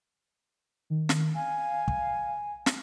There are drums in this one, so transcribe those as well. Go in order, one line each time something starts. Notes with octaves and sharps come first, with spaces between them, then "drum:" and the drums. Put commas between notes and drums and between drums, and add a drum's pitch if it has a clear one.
D#3
drum: snare
F5 G#5
drum: kick
drum: snare